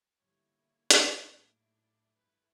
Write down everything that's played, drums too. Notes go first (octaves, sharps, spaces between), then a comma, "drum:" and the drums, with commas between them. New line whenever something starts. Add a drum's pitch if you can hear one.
G#2 B2 D3 G3 A#3 E4 C#5
drum: hi-hat
A2 F#3 D4 D#4 G4
G2 A3 E4 B4